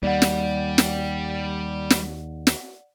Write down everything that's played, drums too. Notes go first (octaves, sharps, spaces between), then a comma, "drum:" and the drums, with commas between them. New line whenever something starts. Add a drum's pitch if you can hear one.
D#2 G3 D5 F#5
drum: snare
drum: snare
drum: snare
drum: snare